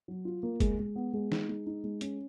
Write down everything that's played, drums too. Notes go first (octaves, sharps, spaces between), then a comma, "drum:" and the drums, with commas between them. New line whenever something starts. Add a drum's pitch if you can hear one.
F#3
F4
A#3
G#3, drum: kick, hi-hat
G#3
B3
G#3
D#4, drum: snare
G#3
D#4
G#3
C#4, drum: hi-hat